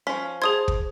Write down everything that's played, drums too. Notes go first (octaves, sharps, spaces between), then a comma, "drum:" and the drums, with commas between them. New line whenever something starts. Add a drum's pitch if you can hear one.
F3 C#4 B6
G#4 C5 A5 D#6 G#6
drum: kick